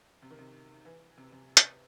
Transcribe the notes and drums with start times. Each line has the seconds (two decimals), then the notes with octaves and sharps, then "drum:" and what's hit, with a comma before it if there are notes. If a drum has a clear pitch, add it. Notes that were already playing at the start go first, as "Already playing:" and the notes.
0.22 C3
0.31 D#3
0.38 C3
0.85 E3
1.18 C3
1.32 C3
1.57 drum: hi-hat